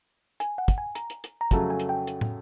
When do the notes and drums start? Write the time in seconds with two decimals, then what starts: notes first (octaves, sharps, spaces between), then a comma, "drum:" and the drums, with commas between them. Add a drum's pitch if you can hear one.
0.40 G#5, drum: hi-hat
0.58 F#5
0.68 drum: kick, hi-hat
0.78 G#5
0.95 A#5, drum: hi-hat
1.10 drum: hi-hat
1.24 drum: hi-hat
1.41 A#5
1.51 F2 C#3 F#3 A3 A5, drum: kick, hi-hat
1.70 G#5
1.80 drum: hi-hat
1.89 G5
2.07 drum: hi-hat
2.21 drum: tom